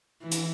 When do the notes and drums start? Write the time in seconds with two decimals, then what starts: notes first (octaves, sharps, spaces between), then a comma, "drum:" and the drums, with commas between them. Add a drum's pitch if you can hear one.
0.22 E3
0.31 drum: hi-hat